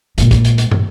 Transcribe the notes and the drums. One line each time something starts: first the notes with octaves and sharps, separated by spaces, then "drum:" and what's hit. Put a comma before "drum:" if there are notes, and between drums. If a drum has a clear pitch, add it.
A#2 G#3, drum: hi-hat
drum: kick, hi-hat
drum: hi-hat
drum: hi-hat
drum: tom